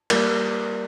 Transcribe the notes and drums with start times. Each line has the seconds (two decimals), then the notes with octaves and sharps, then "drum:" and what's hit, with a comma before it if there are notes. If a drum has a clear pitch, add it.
0.10 G3 A#3, drum: cymbal